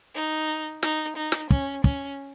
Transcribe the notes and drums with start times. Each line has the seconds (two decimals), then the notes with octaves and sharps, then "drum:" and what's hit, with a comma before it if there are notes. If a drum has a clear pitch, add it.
0.15 D#4
0.83 D#4, drum: snare
1.17 D#4
1.32 drum: snare
1.51 C#4, drum: kick
1.84 C#4, drum: kick